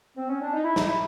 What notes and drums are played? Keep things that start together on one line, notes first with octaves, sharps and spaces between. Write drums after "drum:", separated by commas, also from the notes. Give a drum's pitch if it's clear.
C4
C#4
D4
D#4
E4
D#4, drum: snare
E4